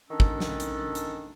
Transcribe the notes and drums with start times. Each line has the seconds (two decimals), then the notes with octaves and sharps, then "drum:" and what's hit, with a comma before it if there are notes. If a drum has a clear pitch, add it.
0.10 D#3 C#4 D4 A4
0.20 drum: kick
0.40 drum: snare
0.60 drum: hi-hat
0.95 drum: hi-hat